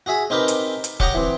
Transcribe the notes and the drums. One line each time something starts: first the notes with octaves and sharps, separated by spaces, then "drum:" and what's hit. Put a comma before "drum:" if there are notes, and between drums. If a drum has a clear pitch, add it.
F#4 G#4 E5 G#5
C4 D#4 G4 A#4 B4
drum: hi-hat
drum: hi-hat
G4 C#5 F#5 G5 A#5 D#6, drum: kick E1
E3 C4